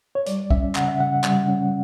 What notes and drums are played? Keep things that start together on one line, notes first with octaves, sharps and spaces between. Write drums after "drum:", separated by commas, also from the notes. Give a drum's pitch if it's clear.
C#5
G3 D5, drum: hi-hat
C#4 E5, drum: kick
C#3 F#5, drum: clap
E5
C#3 F#5
G3, drum: clap
C#4